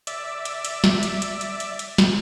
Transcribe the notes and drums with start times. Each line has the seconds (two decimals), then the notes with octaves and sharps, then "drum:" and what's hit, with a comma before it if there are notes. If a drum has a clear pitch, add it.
0.07 D5 E5, drum: hi-hat
0.45 drum: hi-hat
0.65 drum: hi-hat
0.84 drum: snare
1.03 drum: hi-hat
1.22 drum: hi-hat
1.41 drum: hi-hat
1.60 drum: hi-hat
1.79 drum: hi-hat
1.98 drum: snare